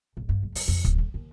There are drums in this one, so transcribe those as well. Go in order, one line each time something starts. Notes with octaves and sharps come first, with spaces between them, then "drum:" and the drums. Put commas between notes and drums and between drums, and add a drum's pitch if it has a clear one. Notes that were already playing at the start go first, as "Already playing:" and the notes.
D1
G2
F#1
G2, drum: open hi-hat
F2
D1, drum: kick
D2
D#2